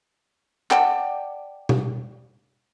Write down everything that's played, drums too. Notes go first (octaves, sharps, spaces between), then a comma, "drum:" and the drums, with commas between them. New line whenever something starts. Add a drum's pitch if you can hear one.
D5 F#5 G5 A5, drum: clap
drum: tom